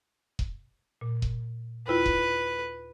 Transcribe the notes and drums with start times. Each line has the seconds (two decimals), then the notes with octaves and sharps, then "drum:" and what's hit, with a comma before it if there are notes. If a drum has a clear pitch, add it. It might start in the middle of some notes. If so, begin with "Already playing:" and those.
0.39 drum: kick E1
1.01 A#2
1.22 drum: kick E1
1.88 D#2 E4 F4 B4
2.06 drum: kick E1